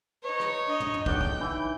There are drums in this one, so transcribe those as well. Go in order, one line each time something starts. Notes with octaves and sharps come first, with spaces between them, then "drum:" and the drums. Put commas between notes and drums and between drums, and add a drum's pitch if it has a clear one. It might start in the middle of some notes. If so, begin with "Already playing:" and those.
D#4 B4 C#5
drum: rim click
D4 D#5
drum: tom
drum: tom
B1 D5 F#5 G5 G6, drum: kick
drum: kick
E3 D#4